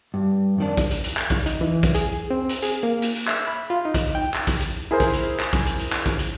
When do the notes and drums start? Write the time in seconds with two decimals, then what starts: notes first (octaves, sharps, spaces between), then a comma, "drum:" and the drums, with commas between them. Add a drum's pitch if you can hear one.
0.14 G2
0.58 F2 D#3 D4
0.77 drum: kick, hi-hat
0.91 drum: hi-hat
1.04 drum: hi-hat
1.17 drum: clap
1.30 drum: kick, hi-hat
1.46 D#4, drum: hi-hat
1.61 E3
1.83 drum: kick, hi-hat
1.95 G#4, drum: hi-hat
2.31 C4
2.49 drum: hi-hat
2.62 G#4, drum: hi-hat
2.83 A#3
3.02 drum: hi-hat
3.15 drum: hi-hat
3.28 E5, drum: clap
3.47 B5
3.70 F4
3.85 D#4
3.94 drum: kick, hi-hat
4.15 G5
4.34 drum: clap
4.47 drum: kick, hi-hat
4.61 drum: hi-hat
4.91 E4 G#4 A#4 C5
5.00 drum: kick, hi-hat
5.13 drum: hi-hat
5.40 drum: clap
5.53 drum: kick, hi-hat
5.66 drum: hi-hat
5.79 drum: hi-hat
5.93 drum: clap
6.06 drum: kick, hi-hat
6.19 drum: hi-hat